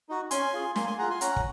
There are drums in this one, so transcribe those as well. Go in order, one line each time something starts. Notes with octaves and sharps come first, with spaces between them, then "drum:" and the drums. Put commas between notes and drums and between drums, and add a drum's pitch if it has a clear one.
D#4 F#4
C#4 G#5 C6, drum: hi-hat
F4 G#4
A#3 G#5 C6, drum: snare
G#5 C6
F4 G#4 F#5 A#5
G#5 C6
C#4 F#5 A#5, drum: hi-hat
drum: kick